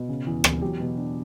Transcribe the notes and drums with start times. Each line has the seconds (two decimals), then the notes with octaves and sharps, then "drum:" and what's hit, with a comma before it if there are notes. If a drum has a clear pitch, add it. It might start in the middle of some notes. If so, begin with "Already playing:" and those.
Already playing: B2
0.09 C#3
0.26 E2
0.44 E2, drum: rim click
0.62 F#3 G4
0.80 B2
0.98 D4